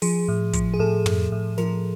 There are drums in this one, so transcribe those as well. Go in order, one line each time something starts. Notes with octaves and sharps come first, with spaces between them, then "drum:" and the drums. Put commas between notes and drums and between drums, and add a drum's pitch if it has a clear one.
F3 G#4, drum: open hi-hat
A2
F3, drum: kick, hi-hat
G#4
A2 A4
A2, drum: tom
A2
F3 A#4, drum: snare